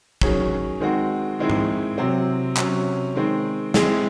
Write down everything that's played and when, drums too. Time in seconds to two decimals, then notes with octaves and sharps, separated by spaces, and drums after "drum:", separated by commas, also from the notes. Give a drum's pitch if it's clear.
0.22 D#3 F#3 C#4 G#4, drum: kick
0.80 D#3 G#3 C4 F#4
1.39 D#3 G#3 C4 E4
1.50 drum: tom G#2
1.98 C3 F#3 C4
2.57 C3 F#3 C#4, drum: clap
3.16 D#3 G#3 C4
3.74 G#3 C4 E4 G#4, drum: snare